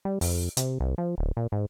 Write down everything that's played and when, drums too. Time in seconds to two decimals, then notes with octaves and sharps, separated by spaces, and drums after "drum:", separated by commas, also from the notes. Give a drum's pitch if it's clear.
0.05 G3
0.21 F2, drum: open hi-hat
0.57 C3, drum: hi-hat
0.80 C2
0.98 F3
1.18 D1
1.37 A#2
1.52 G#2